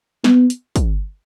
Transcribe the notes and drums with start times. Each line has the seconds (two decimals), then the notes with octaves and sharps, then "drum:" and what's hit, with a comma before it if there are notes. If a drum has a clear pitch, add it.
0.24 B3, drum: snare
0.50 drum: hi-hat
0.76 drum: kick, hi-hat